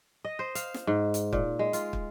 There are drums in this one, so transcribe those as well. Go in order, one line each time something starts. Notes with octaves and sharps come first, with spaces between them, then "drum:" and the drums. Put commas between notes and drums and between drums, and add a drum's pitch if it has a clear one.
D#5
C5
F5, drum: hi-hat
drum: snare
G#2
drum: hi-hat
A#2, drum: kick
G#3
F4, drum: hi-hat
drum: kick